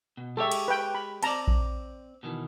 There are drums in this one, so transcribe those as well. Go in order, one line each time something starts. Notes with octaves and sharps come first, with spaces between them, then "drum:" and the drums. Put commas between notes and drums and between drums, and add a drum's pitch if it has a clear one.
B2
G#3 G4 A4 C#5 E5
drum: cymbal
B4 G5
B5
C4 D5 A5 A#5, drum: cymbal
drum: kick A#1
B2 D#3 E3